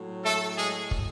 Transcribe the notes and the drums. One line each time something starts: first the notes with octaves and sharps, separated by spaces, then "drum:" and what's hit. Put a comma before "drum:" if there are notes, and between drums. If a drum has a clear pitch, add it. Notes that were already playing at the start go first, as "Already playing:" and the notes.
Already playing: A2 F#3
A3 A4
G#3 G#4
drum: kick